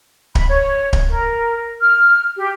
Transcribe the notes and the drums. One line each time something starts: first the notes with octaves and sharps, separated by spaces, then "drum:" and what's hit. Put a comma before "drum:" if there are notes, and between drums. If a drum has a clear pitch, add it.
B5, drum: kick D1
C#5
drum: kick D1
A#4
F6
G4